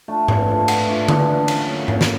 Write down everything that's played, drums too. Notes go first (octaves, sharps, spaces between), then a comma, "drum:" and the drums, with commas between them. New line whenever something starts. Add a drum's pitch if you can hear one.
A3 D4 F4 A5
E3, drum: tom G#2
A3 D4 F4
E3 F#5, drum: cymbal
A3 D4 F4
E3, drum: tom D3
A3 D4 F4
C#3, drum: cymbal
F#3 A#3
C#3, drum: tom G#2
drum: snare